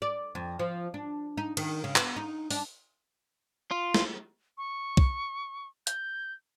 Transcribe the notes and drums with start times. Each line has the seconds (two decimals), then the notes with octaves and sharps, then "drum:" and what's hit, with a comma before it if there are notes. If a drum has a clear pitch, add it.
0.02 D5
0.35 F2
0.59 F3
0.94 D4
1.37 D#4
1.57 D#3, drum: cymbal
1.84 C#3
1.96 B3, drum: clap
2.16 D#4
2.51 D4, drum: open hi-hat
3.71 F4
3.94 drum: snare
4.58 C#6
4.97 drum: kick
5.87 G6, drum: hi-hat